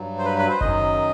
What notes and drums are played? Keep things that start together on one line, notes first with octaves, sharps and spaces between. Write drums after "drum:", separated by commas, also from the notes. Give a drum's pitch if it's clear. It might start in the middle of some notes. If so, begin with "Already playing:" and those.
Already playing: G2 F#3
C5
B4
B4
C5
F#2 D#3 F#3 D#5, drum: kick F#1